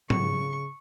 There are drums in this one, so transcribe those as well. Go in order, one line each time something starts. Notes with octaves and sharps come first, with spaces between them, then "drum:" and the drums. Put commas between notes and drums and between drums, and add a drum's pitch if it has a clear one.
C#3 C#6, drum: tom